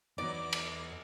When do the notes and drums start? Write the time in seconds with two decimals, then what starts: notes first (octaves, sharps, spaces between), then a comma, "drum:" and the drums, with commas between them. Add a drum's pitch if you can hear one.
0.18 E2 G2 F#3 B3 D#4 D5 D6
0.53 drum: cymbal